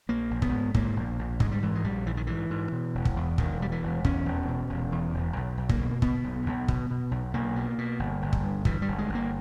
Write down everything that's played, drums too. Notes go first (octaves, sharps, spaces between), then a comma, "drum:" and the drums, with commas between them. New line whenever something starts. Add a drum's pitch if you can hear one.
A#1 A#3
A#1
B3, drum: kick
G#2
G#2 A#3, drum: kick
A#1
A#1
G#2 G#3, drum: kick
G3
G#2 E3
G#3
A#1 G3
A#1 E3
D#3
G#2 E3
G#2
B2
E1
drum: kick
E2
E1 D#3, drum: kick
B2 G3
E3
E1
E2 C#4, drum: kick
E1
B2
E1
E2
E1
B1
B1
A#3, drum: kick
B2
B2 B3, drum: kick
B1
B1
B2, drum: kick
B2
B1
B1 A#3
B2
B2
G1
G1
drum: kick
G2
G2 E3, drum: kick
G3
G1
G#3
G1
A#3